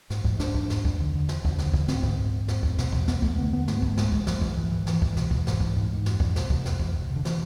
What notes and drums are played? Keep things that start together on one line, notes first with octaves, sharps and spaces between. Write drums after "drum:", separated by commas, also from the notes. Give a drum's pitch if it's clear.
G#2, drum: snare
G#2, drum: kick
G#2 D4, drum: snare
G#2, drum: kick
E2, drum: snare
E2, drum: kick
D3
D3
E2, drum: snare
E2, drum: kick
D3, drum: snare
D3, drum: kick
G#2 C4, drum: snare
G#2, drum: kick
G#2
G#2
E2, drum: snare
E2, drum: kick
B2, drum: snare
B2, drum: kick
E2 B3, drum: snare
E2 A3, drum: kick
D3 B3
D3 B3
G#2 A3, drum: snare
B3
G#2 A3, drum: kick
G#2 G#3, drum: snare
G#2, drum: kick
G#2 F3, drum: snare
G#2 E3, drum: kick
G#2 E3
G#2 E3
E2 E3, drum: snare
E2, drum: kick
B2, drum: snare
B2, drum: kick
G#2, drum: snare
G#2, drum: kick
G#2
G#2
F2, drum: snare
F2, drum: kick
C3, drum: snare
C3, drum: kick
F2, drum: snare
F2, drum: kick
C3
C3
D3
E3, drum: snare